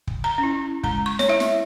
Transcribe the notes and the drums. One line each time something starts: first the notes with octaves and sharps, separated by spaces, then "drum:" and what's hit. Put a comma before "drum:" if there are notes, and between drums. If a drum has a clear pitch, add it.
drum: kick
A#5
C#4
E4
G#3 A#5, drum: kick
C#6
C#5, drum: snare
E4 E5
drum: snare